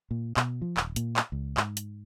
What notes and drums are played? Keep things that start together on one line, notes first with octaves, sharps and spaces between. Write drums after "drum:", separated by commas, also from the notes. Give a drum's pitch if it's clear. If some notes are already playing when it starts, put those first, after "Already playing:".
A#2
B2, drum: clap
F3
D#1, drum: clap
A#2, drum: hi-hat
drum: clap
C#2
G#2, drum: clap
drum: hi-hat